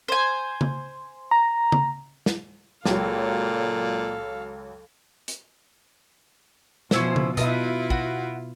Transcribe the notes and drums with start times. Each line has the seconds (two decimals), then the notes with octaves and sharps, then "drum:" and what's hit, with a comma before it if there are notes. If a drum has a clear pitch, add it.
0.08 C5 G#5
0.61 drum: tom C#3
1.31 A#5
1.72 drum: tom C#3
2.26 drum: snare
2.85 C#2 A#2 F#3 A4 F5, drum: snare
5.28 drum: hi-hat
6.91 B2 F3 C#4 E4 C5, drum: snare
7.16 drum: tom C#3
7.37 B2 E4 F4 B4 D#5 E5 A5, drum: hi-hat
7.90 F#4, drum: kick